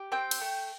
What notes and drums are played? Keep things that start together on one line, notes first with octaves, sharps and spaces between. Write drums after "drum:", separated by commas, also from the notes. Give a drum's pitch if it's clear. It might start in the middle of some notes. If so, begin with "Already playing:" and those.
Already playing: G4
C4 G5
drum: cymbal
A3